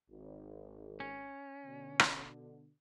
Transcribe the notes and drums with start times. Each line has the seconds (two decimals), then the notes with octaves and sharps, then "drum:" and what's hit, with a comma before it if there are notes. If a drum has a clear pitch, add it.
0.10 G#1
1.00 C#4
1.65 B2 D3
1.99 drum: rim click